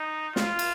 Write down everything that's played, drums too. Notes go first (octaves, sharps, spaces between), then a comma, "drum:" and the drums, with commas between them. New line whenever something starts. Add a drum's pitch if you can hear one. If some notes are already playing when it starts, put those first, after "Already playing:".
Already playing: D#4
F4, drum: snare
drum: cymbal